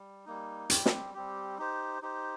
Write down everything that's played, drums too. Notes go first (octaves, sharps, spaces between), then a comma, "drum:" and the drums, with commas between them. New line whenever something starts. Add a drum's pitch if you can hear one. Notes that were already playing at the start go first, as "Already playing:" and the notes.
Already playing: G3
G3 A#3 D#4
G3 C4 G4, drum: hi-hat
drum: snare
G3 C4 G4
D#4 G4 C5
D#4 G4 C5